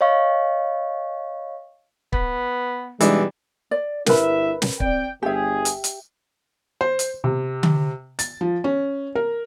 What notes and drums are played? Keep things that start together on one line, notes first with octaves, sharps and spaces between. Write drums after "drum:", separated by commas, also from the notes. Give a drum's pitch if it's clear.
C#5 D#5 F5 C#6
B3, drum: kick
B2 E3 G3 G#3 D4 D#4, drum: hi-hat
D5
G1 E4 A#4 B4 E5 B5, drum: snare
drum: snare
C4 D5 G5, drum: kick
G1 G4 G#4 E5
drum: hi-hat
drum: hi-hat
C5
drum: hi-hat
C3
drum: tom D3
A6, drum: hi-hat
F3
C#4
A#4